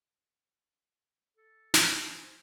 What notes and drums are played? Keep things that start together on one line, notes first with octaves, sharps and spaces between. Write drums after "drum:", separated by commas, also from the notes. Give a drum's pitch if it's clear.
A4
D4, drum: snare
G#5
C5